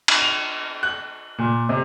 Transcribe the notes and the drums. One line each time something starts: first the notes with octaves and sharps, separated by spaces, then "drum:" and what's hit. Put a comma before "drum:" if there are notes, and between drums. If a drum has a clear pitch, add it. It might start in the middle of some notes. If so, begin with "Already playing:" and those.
drum: cymbal
F7
F#6
A#2
C3